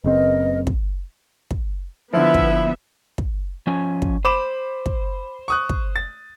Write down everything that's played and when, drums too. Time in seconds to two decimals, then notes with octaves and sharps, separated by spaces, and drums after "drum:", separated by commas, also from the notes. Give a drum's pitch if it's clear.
0.04 F#1 C#3 C4 A#4 B4 D#5
0.67 drum: kick
1.51 drum: kick
2.13 D3 F3 B3 E4 E5
2.34 drum: kick
3.18 drum: kick
3.67 F3 C#4 G#5
4.02 drum: kick
4.25 C5 B5 D6 E7
4.86 drum: kick
5.48 C#6 D#6 F#6
5.69 drum: kick
5.96 A6